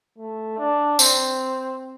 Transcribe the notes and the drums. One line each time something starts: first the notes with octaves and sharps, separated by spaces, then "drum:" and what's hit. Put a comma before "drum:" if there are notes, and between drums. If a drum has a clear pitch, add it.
A3
D4
C4, drum: tambourine